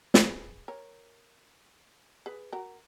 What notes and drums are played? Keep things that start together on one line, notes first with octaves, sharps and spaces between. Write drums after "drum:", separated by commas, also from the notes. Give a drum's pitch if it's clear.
G#4 B4, drum: snare
A#4 C#5
G#4 B4
F#4 A#4